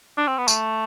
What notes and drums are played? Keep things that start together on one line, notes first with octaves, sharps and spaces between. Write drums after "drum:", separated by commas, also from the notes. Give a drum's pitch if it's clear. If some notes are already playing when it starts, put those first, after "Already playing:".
D4
C4
B3
A3, drum: tambourine